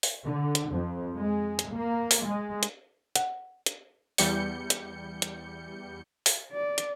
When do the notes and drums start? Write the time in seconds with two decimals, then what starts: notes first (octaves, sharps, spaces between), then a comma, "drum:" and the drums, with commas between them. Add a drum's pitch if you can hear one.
0.03 drum: open hi-hat
0.23 D3
0.55 drum: hi-hat
0.71 F2
1.15 G#3
1.59 drum: hi-hat
1.72 A#3
2.11 drum: open hi-hat
2.23 G#3
2.63 drum: hi-hat
3.15 F#5, drum: hi-hat
3.66 drum: hi-hat
4.18 E2 G3 G6 C#7, drum: open hi-hat
4.70 drum: hi-hat
5.22 drum: hi-hat
6.26 drum: open hi-hat
6.52 D5
6.78 drum: hi-hat